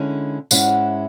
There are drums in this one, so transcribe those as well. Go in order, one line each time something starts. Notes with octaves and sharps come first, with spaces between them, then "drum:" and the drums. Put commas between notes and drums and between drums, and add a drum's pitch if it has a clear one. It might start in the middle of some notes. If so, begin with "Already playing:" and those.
Already playing: D3 G#3 C#4 E4
G#2 G#3 C#4 E4 F#5, drum: tambourine
E5